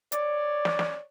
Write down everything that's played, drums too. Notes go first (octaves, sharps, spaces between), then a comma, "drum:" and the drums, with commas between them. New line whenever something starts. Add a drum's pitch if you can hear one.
C#5 D5, drum: hi-hat
drum: snare
drum: snare